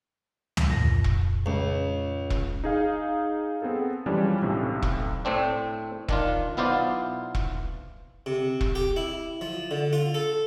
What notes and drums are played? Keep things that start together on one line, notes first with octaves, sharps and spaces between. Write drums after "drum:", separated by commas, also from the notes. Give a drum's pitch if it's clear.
drum: tom
F2 A#2 A#6
drum: kick E1
C#2
drum: kick E1
D#4 G#4 F5
B3 C4 G#4 A4
E3 F3 G3 G#3 C#4 D4
B1 A2 C3
drum: kick E1
A2 A3 C4 D4
D#3 D4 F4, drum: kick E1
B1 B3 E4 F4 C5 D5
drum: kick E1
C3
drum: kick E1
G4
E4
F3
D3
F4
A4